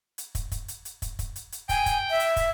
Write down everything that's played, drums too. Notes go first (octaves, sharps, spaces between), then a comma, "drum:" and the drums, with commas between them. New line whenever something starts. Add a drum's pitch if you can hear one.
drum: hi-hat
drum: kick, hi-hat
drum: kick, hi-hat
drum: hi-hat
drum: hi-hat
drum: kick, hi-hat
drum: kick, hi-hat
drum: hi-hat
drum: hi-hat
G5 G#5, drum: kick, hi-hat
drum: kick, hi-hat
E5
drum: hi-hat
drum: kick, hi-hat